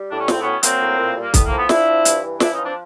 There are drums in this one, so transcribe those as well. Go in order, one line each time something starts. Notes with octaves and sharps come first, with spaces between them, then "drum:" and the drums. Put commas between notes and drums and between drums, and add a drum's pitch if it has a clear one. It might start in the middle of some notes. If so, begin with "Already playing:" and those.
Already playing: G3
A2 D4
C#4
G#2 C4, drum: snare
F#3 B3 C#4
F#3 A#3 C4, drum: hi-hat
A2
A#2
G3
A#3
A2 B3, drum: kick, hi-hat
A#3
F3
B3
F3 D4 E4, drum: snare
F3
G2, drum: hi-hat
E3
F3 D4 E4, drum: snare
C#4 D#4
F3
C4 D4